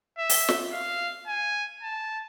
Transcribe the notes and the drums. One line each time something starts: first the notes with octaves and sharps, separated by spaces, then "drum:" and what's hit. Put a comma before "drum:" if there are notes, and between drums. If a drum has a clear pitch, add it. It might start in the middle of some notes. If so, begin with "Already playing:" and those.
E5
drum: open hi-hat
drum: snare
F5
G#5
A5